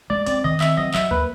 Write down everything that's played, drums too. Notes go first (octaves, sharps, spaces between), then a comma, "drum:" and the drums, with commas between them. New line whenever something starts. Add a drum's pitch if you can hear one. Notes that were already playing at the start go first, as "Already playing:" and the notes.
G#3 D5
C4 D5, drum: hi-hat
D#3 D#5
C4 E5, drum: clap
F#3 D#5
F#3 E5, drum: clap
A#3 B4, drum: kick D2